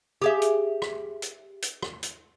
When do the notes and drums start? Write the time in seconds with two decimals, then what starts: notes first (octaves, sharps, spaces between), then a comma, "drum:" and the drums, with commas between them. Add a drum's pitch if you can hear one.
0.22 G4 G#4 E5
0.42 drum: hi-hat
0.82 drum: rim click
1.22 drum: hi-hat
1.62 drum: hi-hat
1.82 drum: rim click
2.03 drum: hi-hat